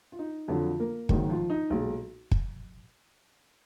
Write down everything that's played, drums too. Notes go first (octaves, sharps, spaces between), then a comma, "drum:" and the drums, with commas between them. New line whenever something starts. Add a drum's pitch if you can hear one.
F4
D#4
F2 D3 F3 F#3 F4
A#3 A#4
G#1 G#2 D#3 F#3 A#3 A#4, drum: kick
F3 F4
D#4
B1 A#2 G#3
drum: kick